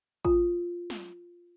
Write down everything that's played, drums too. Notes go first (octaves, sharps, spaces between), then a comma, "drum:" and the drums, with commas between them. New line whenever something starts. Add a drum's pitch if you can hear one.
F4, drum: kick G#1
drum: snare